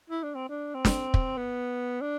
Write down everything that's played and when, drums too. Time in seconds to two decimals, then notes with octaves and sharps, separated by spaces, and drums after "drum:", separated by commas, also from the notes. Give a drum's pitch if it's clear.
0.10 E4
0.23 D4
0.35 C4
0.49 D4
0.75 C4
0.85 drum: snare
1.14 drum: kick
1.37 B3
2.01 D4